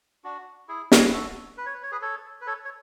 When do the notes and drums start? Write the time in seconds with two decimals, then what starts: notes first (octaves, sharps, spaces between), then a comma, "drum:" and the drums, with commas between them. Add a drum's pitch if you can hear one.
0.24 D4 F#4
0.68 E4 G#4
0.92 D5, drum: snare
0.98 C#5
1.05 B4
1.12 F#4 A4
1.57 B4
1.66 C#5
1.74 B4
1.83 C#5
1.92 G#4 B4
2.01 A4 C#5
2.41 B4
2.46 A4 C#5
2.65 C#5